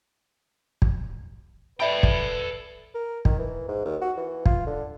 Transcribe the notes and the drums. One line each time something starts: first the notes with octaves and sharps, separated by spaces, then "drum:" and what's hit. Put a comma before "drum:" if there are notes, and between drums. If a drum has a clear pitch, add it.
drum: kick
A4 B4 D5 E5 G5 B5
drum: kick
A#4
D#3, drum: kick
E3
G#2
D#2
F#4
E3
F4, drum: kick
D3